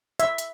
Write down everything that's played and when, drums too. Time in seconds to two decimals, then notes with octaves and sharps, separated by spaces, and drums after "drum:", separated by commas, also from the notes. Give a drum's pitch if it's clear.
0.20 E5, drum: hi-hat
0.38 drum: hi-hat